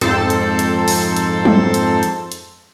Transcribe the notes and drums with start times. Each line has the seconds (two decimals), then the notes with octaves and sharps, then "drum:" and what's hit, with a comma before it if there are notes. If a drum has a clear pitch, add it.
0.01 F2 G#2 C4 A4 C5 A5, drum: hi-hat
0.30 drum: hi-hat
0.59 drum: hi-hat
0.88 drum: open hi-hat
1.16 drum: hi-hat
1.45 drum: tom F#3
1.74 drum: hi-hat
2.03 drum: hi-hat
2.32 drum: hi-hat